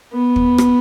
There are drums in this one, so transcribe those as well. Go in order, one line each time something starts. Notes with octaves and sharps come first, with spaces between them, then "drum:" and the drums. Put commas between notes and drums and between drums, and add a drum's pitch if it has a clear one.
B3
drum: kick
drum: rim click